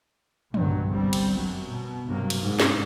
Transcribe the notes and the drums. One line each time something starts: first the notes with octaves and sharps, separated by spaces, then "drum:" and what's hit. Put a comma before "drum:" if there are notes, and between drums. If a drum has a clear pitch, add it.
B1 G2 A#2 F#3, drum: tom
G1 C2 G3 C4
drum: cymbal
F#2 F#3
B2
G2 C3 F#3 A#3
drum: cymbal
G#2
drum: snare